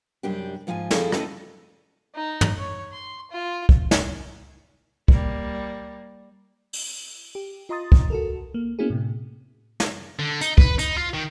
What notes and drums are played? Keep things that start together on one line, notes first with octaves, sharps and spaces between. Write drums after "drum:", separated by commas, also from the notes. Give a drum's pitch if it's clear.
F#2 C3 G3 D4 G4
G#2 F3 E4 F4 G#5
F3 C4 E4 G#4 A4, drum: snare
A3 C4 C#4 E4 A4 D#5, drum: rim click
D#4
drum: tom
C#5
C6
F4
drum: kick
drum: snare
G3 A#3, drum: kick
drum: open hi-hat
G4
F4 D#5 A#5 C6 D#6 A6
drum: kick
F#4 A4 A#4
A#3
A#3 B3 C#4 E4 F#4 G#4
A2 C3
drum: snare
D3
D#4, drum: hi-hat
B4, drum: kick
D#4, drum: hi-hat
F4
D#3